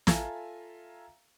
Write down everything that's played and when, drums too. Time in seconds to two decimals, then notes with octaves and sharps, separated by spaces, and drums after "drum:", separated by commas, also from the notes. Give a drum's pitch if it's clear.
0.07 F4 A4 E5 F5 G#5 A#5, drum: snare